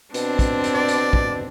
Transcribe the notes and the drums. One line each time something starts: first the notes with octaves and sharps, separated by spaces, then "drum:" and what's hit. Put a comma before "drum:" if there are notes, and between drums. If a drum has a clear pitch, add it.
B2 C4 D4, drum: hi-hat
drum: kick, hi-hat
drum: hi-hat
D5
drum: hi-hat
drum: kick